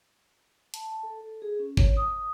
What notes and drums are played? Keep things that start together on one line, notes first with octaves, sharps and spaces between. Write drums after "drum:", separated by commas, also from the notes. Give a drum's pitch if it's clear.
A5, drum: hi-hat
A5
A4
A4
G#4
C#4
C#5, drum: kick G1
D#6